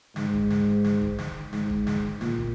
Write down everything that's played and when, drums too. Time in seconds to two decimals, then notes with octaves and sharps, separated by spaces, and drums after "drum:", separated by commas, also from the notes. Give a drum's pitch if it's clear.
0.16 G#2, drum: snare
0.33 drum: kick
0.50 drum: snare
0.84 drum: snare
1.01 drum: kick
1.18 drum: snare
1.53 G#2, drum: snare
1.70 drum: kick
1.87 drum: snare
2.21 A#2, drum: snare
2.38 drum: kick